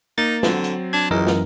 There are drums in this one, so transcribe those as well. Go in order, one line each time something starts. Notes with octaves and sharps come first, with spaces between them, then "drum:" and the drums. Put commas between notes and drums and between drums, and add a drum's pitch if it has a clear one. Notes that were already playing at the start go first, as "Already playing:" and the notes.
A#3 D#4 A6
D3 F#3 C4, drum: snare
drum: hi-hat
D4 G#6
C#2 F#2 E3 A#4 D#5
drum: snare